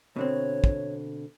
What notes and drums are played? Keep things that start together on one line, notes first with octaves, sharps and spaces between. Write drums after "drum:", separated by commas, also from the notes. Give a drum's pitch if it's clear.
B2 D3 C4 C#5
drum: kick